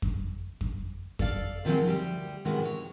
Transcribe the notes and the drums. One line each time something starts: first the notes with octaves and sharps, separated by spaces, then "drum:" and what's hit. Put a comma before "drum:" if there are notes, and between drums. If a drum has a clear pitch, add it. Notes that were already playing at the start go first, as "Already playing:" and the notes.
drum: kick F2
drum: kick F2
A4 D5 F5, drum: kick F2
C3 D#3 F3 F#3 G#3 C4
D2 G3 G4
A2 C3 D#3 G#3 B3 F#4
C#5